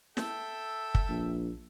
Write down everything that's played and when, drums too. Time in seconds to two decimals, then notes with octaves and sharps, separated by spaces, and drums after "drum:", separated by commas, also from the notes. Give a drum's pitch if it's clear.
0.17 A4 E5 G5, drum: snare
0.95 drum: kick
1.09 A#1